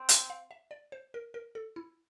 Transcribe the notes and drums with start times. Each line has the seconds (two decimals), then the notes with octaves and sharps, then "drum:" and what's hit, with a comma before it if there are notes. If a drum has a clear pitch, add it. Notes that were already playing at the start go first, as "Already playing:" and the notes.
Already playing: C4
0.09 F5, drum: hi-hat
0.30 F5
0.51 E5
0.71 D5
0.92 C5
1.14 A#4
1.34 A#4
1.55 A4
1.76 E4